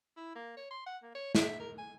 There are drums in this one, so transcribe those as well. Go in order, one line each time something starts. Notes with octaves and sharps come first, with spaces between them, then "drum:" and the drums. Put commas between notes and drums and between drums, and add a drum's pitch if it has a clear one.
E4
A#3
C#5
C6
F#5
A#3
C#5
E5, drum: snare
A#4
G#5